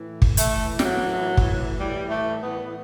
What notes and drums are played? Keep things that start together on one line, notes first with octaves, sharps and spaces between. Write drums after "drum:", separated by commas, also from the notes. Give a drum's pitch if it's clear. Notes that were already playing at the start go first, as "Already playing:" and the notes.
Already playing: A2 E3
drum: kick
A3, drum: hi-hat
G3, drum: snare
F#3
drum: kick
G3
A3
B3